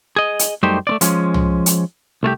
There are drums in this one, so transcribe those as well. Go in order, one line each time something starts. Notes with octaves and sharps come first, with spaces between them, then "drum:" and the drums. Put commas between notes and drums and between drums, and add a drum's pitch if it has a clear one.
G#4 D#5
drum: hi-hat
F#2 G3 A3 D#4 G4 C5
A3 C4 D5
F3 G#3 C#4, drum: hi-hat
drum: tom C2
drum: hi-hat
C2 A3 F4 G4